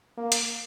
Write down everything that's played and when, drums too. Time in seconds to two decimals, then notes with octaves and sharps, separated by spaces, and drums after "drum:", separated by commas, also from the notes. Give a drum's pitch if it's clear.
0.18 A#3
0.32 drum: hi-hat